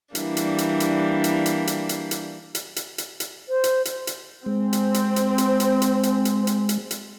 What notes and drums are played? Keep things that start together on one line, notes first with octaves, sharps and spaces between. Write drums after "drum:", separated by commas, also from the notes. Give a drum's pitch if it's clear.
E3 G3 A#3 D4, drum: hi-hat
drum: hi-hat
drum: hi-hat
drum: hi-hat
drum: hi-hat
drum: hi-hat
drum: hi-hat
drum: hi-hat
drum: hi-hat
drum: hi-hat
drum: hi-hat
drum: hi-hat
drum: hi-hat
C5
drum: hi-hat
drum: hi-hat
drum: hi-hat
G#3 C4
drum: hi-hat
drum: hi-hat
drum: hi-hat
drum: hi-hat
drum: hi-hat
drum: hi-hat
drum: hi-hat
drum: hi-hat
drum: hi-hat
drum: hi-hat
drum: hi-hat